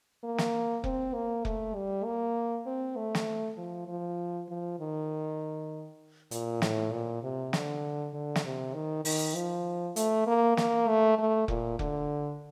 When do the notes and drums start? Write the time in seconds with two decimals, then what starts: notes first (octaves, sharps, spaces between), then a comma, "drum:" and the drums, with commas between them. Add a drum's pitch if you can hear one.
0.23 A#3
0.38 drum: snare
0.84 C4, drum: kick F1
1.14 A#3
1.45 A3, drum: kick F1
1.75 G3
2.05 A#3
2.66 C4
2.96 A3
3.15 drum: snare
3.57 F3
3.88 F3
4.49 F3
4.80 D#3
6.31 A#2, drum: hi-hat
6.62 A2, drum: snare
6.92 A#2
7.23 C3
7.53 D3, drum: snare
8.13 D3
8.36 drum: snare
8.45 C3
8.74 D#3
9.05 D#3, drum: open hi-hat
9.36 F3
9.96 A3, drum: hi-hat
10.27 A#3
10.57 A#3, drum: snare
10.88 A3
11.18 A3
11.48 A#2, drum: kick F1
11.79 D3, drum: kick F1